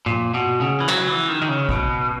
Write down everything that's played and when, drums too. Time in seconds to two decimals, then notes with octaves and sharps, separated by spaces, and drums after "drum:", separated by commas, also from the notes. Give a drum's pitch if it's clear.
0.06 A#2, drum: tom G2
0.34 B2
0.61 C#3
0.80 E3
0.88 F#3, drum: clap
1.08 E3
1.28 D#3
1.42 D#3
1.49 C#3
1.69 B2, drum: kick